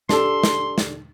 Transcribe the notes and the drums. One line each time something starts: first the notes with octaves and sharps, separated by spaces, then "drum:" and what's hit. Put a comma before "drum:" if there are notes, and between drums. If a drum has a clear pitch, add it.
D4 G4 A4 C6, drum: snare
drum: snare
drum: snare